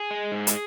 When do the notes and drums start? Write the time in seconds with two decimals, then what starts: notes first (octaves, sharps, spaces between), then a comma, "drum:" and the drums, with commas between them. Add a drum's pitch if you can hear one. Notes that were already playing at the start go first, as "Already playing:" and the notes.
Already playing: G#4
0.11 G#3
0.32 G#2
0.47 drum: hi-hat